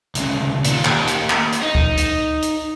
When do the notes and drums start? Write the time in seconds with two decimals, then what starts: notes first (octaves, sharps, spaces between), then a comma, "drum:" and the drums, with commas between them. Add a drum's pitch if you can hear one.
0.15 C2 C#3, drum: hi-hat
0.64 A#2 D#3, drum: hi-hat
0.85 A#3 G4, drum: clap
1.07 drum: hi-hat
1.30 drum: clap
1.52 drum: hi-hat
1.63 D#4
1.75 drum: kick C#2
1.97 drum: hi-hat
2.42 drum: hi-hat